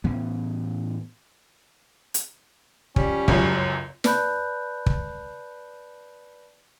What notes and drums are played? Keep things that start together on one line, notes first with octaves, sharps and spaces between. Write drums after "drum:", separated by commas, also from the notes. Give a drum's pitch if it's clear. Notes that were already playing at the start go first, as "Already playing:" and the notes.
A2 E3 B3 C#4
drum: hi-hat
F3 G3 C#4, drum: kick
G1 C#2 F#2, drum: kick
B4 D5 A5 B5 F#6 G6, drum: snare
drum: kick